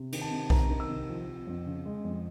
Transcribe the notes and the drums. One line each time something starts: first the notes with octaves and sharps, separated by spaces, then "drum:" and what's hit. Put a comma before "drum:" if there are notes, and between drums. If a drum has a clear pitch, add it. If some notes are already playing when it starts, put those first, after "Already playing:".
Already playing: C3
D#3, drum: cymbal
A5
C3
D#3 A#5, drum: kick B1
D#3
E6
C3
F3
F3
F2
C#3
G#3
F2